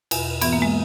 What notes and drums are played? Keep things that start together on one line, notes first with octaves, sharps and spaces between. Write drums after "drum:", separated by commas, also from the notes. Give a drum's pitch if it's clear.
E2 B2, drum: cymbal
G#2 E3 B3, drum: cymbal
A#3
G#3